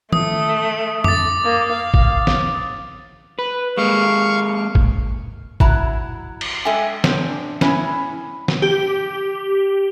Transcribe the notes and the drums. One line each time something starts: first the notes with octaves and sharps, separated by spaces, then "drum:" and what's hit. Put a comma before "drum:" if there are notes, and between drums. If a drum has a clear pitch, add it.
A3 D#6, drum: tom D#3
D6 A6, drum: tom F2
A#3
F5
drum: kick
drum: snare
B4
G#3 A#3 F5 C#6
drum: kick
F#3 E4 A5 A#5, drum: kick
drum: cymbal
G#3 A4 E5 G5 G#5
C4 D4, drum: snare
G#3 C#4 E4, drum: snare
drum: snare
G4